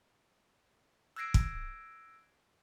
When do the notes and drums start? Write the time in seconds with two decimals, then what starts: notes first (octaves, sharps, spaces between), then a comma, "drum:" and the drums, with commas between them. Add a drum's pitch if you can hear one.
1.16 E6 F#6 G#6 A#6 C7 D7
1.34 drum: kick